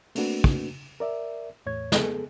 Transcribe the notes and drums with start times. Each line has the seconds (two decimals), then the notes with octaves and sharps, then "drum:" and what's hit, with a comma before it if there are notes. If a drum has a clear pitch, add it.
0.15 A3 A#3 C4 D4 F#4 B4, drum: open hi-hat
0.44 drum: kick
1.00 A#4 D5 E5
1.66 E2 A2 C#5 G#6
1.92 B3 G#4 A4, drum: snare